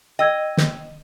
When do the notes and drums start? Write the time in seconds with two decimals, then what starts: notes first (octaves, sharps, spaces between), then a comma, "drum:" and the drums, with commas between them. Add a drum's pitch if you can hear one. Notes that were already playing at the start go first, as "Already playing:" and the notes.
0.19 D#5 G5 E6 G#6
0.57 drum: snare